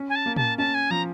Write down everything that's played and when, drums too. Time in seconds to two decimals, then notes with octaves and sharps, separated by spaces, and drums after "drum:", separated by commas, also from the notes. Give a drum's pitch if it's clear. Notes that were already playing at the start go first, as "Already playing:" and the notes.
Already playing: C#4
0.09 G#5
0.15 A5
0.26 A#3
0.36 A5, drum: tom
0.58 C#4 A5
0.74 G#5
0.90 F3 A#5